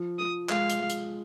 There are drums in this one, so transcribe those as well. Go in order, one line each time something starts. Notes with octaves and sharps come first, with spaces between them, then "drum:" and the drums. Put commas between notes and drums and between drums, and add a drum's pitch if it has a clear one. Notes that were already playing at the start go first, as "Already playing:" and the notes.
Already playing: F3
F3 D#6
G#3 F5, drum: clap
drum: hi-hat
G#3
drum: hi-hat